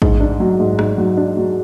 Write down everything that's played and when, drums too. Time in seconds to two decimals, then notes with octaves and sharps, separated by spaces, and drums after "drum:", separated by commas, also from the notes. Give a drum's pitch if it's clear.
0.02 G#2, drum: kick A1
0.20 D4
0.40 F#3
0.60 G#2
0.79 G#2, drum: rim click
0.98 F#3
1.17 D4
1.37 F#3